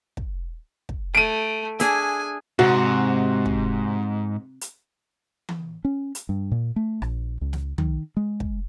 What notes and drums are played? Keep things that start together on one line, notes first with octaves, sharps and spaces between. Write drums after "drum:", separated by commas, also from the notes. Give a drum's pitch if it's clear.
drum: kick
drum: kick
A3 D7 D#7
D4 G#4 E5 G#5, drum: hi-hat
G#2 C3 F#4
drum: kick
drum: hi-hat
drum: tom E3
C#4
drum: hi-hat
G2
A#2
A3
A#1, drum: rim click
C#2
drum: snare
D#3, drum: tom
G#3
drum: kick